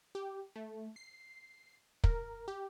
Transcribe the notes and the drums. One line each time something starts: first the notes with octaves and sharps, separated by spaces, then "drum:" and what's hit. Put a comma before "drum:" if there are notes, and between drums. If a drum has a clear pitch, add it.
G4
A3
C7
A#4, drum: kick
G4